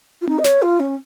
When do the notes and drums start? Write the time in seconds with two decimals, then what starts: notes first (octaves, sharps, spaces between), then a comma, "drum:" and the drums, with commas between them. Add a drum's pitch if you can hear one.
0.21 F4
0.27 D#4, drum: tom C4
0.39 D#5
0.44 C#5, drum: snare
0.62 F4
0.80 C#4